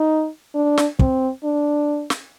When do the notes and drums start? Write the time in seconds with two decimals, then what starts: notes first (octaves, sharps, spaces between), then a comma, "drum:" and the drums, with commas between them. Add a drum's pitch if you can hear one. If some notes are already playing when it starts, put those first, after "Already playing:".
Already playing: D#4
0.55 D4
0.78 drum: snare
0.99 C4, drum: kick
1.44 D4
2.10 drum: snare